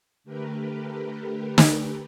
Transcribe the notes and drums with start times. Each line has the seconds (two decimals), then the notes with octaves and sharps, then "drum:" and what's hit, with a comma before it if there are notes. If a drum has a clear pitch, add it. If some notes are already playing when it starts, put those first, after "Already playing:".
0.24 D3 A3 G4 A#4 B4
1.58 drum: snare